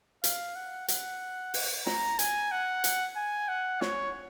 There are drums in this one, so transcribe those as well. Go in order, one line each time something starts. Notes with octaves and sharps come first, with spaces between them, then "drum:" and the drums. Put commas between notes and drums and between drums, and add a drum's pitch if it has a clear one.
F5, drum: hi-hat
F#5
F#5, drum: hi-hat
drum: open hi-hat
A#5, drum: snare
G#5, drum: hi-hat
F#5
drum: hi-hat
G#5
F#5
C#5, drum: snare